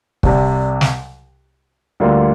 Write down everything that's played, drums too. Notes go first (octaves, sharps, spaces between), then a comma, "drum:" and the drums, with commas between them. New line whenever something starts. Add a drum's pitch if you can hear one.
C2 C3 G3, drum: kick
drum: snare
D2 D3 G3 A#3 F4